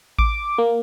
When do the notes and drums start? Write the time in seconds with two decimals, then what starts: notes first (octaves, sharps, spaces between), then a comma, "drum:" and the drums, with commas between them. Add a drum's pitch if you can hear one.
0.19 D6, drum: kick A1
0.58 A#3